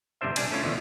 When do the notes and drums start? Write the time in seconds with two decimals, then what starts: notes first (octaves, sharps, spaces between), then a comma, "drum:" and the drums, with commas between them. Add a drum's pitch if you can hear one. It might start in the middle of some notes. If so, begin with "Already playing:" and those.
0.21 G1 C3 G3 D4 C5 E5
0.36 B1 G3 D4 G#5, drum: cymbal
0.51 A3 C#4 E4 F4
0.63 D#2 B2 D3 E3 F3